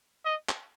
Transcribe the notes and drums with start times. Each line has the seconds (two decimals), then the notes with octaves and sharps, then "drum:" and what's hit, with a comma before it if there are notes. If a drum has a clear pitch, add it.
0.25 D#5
0.49 drum: clap